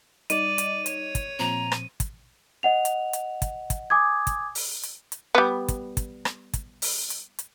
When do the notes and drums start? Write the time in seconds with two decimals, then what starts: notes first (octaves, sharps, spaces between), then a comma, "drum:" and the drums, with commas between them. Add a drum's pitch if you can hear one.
0.30 G3 D#4 D5 D#5 D#7, drum: hi-hat
0.58 drum: hi-hat
0.86 C#5, drum: hi-hat
1.15 drum: kick, hi-hat
1.39 A#2 F3 C4 A#5
1.72 drum: rim click
2.00 drum: kick, hi-hat
2.63 D#5 F#5 F7
2.85 drum: hi-hat
3.13 drum: hi-hat
3.42 drum: kick, hi-hat
3.70 drum: kick, hi-hat
3.90 G#5 D6 D#6 G#6
4.27 drum: kick, hi-hat
4.55 drum: open hi-hat
4.83 drum: hi-hat
5.12 drum: hi-hat
5.35 G3 B3
5.68 drum: kick, hi-hat
5.97 drum: kick, hi-hat
6.25 drum: rim click
6.54 drum: kick, hi-hat
6.82 drum: open hi-hat
7.10 drum: hi-hat
7.39 drum: hi-hat